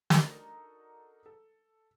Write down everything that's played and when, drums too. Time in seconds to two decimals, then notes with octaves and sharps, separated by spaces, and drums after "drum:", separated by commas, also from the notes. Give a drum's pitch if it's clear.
0.10 D4 D#4 F#4 A4 A#4 A#5, drum: snare
1.26 A4